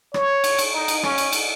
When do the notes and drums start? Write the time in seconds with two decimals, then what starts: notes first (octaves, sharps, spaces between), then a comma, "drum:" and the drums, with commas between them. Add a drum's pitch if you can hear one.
0.14 C#5, drum: rim click
0.44 drum: cymbal
0.59 drum: cymbal
0.73 D#4
0.88 drum: cymbal
1.03 C#4, drum: rim click
1.18 drum: cymbal
1.33 drum: cymbal